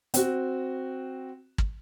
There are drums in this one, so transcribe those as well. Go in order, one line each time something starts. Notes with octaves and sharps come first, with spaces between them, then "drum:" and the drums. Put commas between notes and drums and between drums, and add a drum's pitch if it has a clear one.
C4 F#4, drum: hi-hat
drum: kick